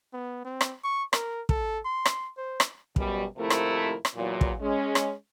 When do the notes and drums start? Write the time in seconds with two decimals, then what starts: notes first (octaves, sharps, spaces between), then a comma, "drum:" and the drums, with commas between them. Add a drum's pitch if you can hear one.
0.13 B3
0.45 C4
0.61 drum: rim click
0.84 C#6
1.13 A#4, drum: rim click
1.49 A4, drum: kick
1.85 C6
2.05 drum: rim click
2.37 C5
2.60 drum: rim click
2.96 F#2 B2 G3, drum: kick
3.38 D#2 C3 F3 A3 E4 A#4
3.50 drum: rim click
4.05 drum: rim click
4.16 E2 A#2 F#3
4.41 drum: kick
4.61 G#3 C#4
4.95 drum: rim click